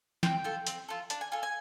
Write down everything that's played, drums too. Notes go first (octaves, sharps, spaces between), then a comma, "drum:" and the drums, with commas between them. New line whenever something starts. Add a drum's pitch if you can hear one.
C4 G5, drum: snare
F4 A4
C4, drum: hi-hat
F4 A4
D4 A5, drum: hi-hat
G#5
F4 A4 G#5
G#5